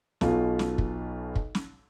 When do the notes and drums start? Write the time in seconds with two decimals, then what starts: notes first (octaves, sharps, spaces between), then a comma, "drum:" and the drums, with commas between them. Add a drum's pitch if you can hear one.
0.21 B1 B2 F4, drum: snare
0.59 drum: snare
0.78 drum: kick
1.36 drum: kick
1.55 drum: snare